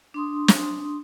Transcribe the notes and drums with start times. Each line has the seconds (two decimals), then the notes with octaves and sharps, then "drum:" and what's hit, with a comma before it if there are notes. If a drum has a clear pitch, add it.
0.14 D4 C6 D#6
0.48 drum: snare